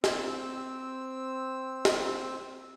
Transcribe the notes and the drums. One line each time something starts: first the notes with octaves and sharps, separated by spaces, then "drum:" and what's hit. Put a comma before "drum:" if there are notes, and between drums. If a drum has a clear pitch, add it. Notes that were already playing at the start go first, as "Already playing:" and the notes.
C4 E6, drum: snare
drum: snare